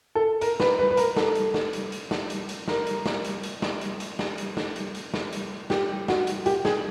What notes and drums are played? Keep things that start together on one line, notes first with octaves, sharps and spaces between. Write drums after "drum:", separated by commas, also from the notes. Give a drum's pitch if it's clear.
A4
A#4, drum: hi-hat
B4, drum: snare
B4
B4
A#4, drum: hi-hat
A4, drum: snare
drum: hi-hat
drum: snare
drum: hi-hat
drum: hi-hat
drum: snare
drum: hi-hat
drum: hi-hat
A#4, drum: snare
drum: hi-hat
drum: snare
drum: hi-hat
drum: hi-hat
drum: snare
drum: hi-hat
drum: hi-hat
drum: snare
drum: hi-hat
drum: snare
drum: hi-hat
drum: hi-hat
drum: snare
drum: hi-hat
G4, drum: snare
F#4, drum: snare
drum: hi-hat
G4, drum: hi-hat
G#4, drum: snare